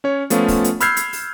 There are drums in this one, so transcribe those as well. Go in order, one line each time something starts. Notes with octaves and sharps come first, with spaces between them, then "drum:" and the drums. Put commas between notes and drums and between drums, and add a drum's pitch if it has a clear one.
C#4 C#5
F3 A3 B3 C#4 F4, drum: hi-hat
drum: kick, open hi-hat
drum: hi-hat
B5 E6 F6 G6 G#6 C7, drum: hi-hat
drum: hi-hat
drum: open hi-hat